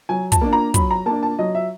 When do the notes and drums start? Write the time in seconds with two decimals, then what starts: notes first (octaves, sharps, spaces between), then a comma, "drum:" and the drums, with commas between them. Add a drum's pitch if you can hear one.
0.09 F#3 G#5
0.32 A5, drum: kick, hi-hat
0.41 A#3 D4
0.53 A#5
0.74 F#3 B5, drum: kick, hi-hat
0.91 A#5
1.06 A#3 D4 A5
1.23 A5
1.39 F#3 D#5
1.55 E5